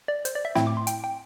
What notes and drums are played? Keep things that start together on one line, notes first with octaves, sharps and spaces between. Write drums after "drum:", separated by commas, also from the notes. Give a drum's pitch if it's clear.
D5
C5, drum: hi-hat
D5
E5
A2 A3 C4 E4 G5, drum: snare
D6
C6
G5, drum: hi-hat
G5